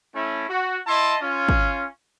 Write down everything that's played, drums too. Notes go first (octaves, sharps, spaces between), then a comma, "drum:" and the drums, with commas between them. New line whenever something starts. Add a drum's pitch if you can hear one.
A3 C#4 E4
F#4
E4 D#5 A5 C6
C#4 F4
drum: kick